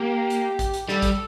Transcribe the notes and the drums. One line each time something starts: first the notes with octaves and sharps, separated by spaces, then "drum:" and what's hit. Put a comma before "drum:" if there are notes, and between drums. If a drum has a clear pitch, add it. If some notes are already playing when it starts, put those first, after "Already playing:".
Already playing: A#3 G4
drum: hi-hat
drum: kick, hi-hat
drum: hi-hat
G3 A4, drum: snare
drum: kick, hi-hat